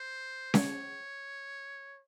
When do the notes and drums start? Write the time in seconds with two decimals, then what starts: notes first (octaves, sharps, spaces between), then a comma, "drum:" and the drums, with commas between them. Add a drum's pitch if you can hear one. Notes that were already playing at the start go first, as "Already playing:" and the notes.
Already playing: C5
0.54 C#5, drum: snare C#4